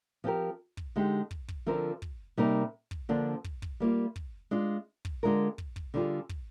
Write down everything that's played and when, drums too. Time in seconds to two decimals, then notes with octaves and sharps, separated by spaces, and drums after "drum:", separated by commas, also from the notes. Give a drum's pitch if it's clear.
0.24 F3 C4 G4 A#4
0.77 drum: kick
0.96 D3 G#3 D#4 G4
1.31 drum: kick
1.48 drum: kick
1.66 D3 F3 C4 F4 A#4
2.02 drum: kick
2.37 C3 G3 A#3 D#4 A#4
2.91 drum: kick
3.09 D3 F3 A#3 D4
3.44 drum: kick
3.62 drum: kick
3.80 G3 A#3 F4
4.16 drum: kick
4.51 G#3 D4 F4
5.05 drum: kick
5.23 D3 G#3 D4 F4 A#4
5.58 drum: kick
5.76 drum: kick
5.94 D3 G3 D4 F4 G#4
6.29 drum: kick